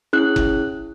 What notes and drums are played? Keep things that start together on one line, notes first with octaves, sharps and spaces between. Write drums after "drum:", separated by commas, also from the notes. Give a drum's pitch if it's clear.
C#4 E4 G#4 F#6
drum: kick F#1